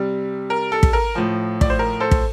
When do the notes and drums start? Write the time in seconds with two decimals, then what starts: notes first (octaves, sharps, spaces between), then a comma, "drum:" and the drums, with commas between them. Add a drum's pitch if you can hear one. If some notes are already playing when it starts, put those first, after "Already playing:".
Already playing: C3 G3
0.50 A#4
0.72 A4
0.83 drum: kick
0.93 A#4
1.15 A2 F3
1.61 D5, drum: kick
1.70 C5
1.79 A#4
2.00 A4 C5
2.11 drum: kick